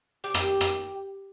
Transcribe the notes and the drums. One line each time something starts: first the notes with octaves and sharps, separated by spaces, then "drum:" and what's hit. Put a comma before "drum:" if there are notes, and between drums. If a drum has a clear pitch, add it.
G4
drum: rim click
drum: rim click